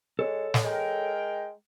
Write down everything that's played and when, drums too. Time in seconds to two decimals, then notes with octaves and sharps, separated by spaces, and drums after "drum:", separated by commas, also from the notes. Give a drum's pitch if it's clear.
0.19 G#3 A4 C#5
0.54 drum: snare
0.64 G#3 A#4 G5